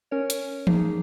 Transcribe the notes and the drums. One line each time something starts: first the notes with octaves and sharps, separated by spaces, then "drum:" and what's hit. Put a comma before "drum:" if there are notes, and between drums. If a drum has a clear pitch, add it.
C#4 A#4 C#5
drum: hi-hat
F3 A#3 D#4 G#4, drum: tom E3